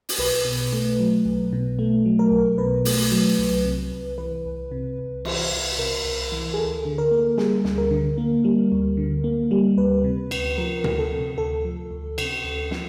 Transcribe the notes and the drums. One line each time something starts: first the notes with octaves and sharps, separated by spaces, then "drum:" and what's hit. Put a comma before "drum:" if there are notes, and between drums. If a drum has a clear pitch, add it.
drum: open hi-hat
B1 B4
B2
A3
F#3
B1
B2
A3
F#3
A#4
B1
B2 B4
A3, drum: open hi-hat
F#3
C2
C3
C2
E3 B4
C2
C3
C2
E3, drum: cymbal
C2
C3 A#4
C2
E3
G#4
D2 A4
D3
A#4
A#3
G3 G#4, drum: snare
D2, drum: snare
A#4
D3
A#3
G3
D2
D3
A#3
G3
D2 B4
C3
D2, drum: cymbal
F3 A#4
D2, drum: tom A#2
A4
C3
D2 A4
F3
D2
C3, drum: cymbal
D2
F3, drum: snare